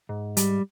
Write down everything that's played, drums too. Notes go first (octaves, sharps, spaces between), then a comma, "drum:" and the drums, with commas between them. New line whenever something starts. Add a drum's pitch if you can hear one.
G#2
G3, drum: hi-hat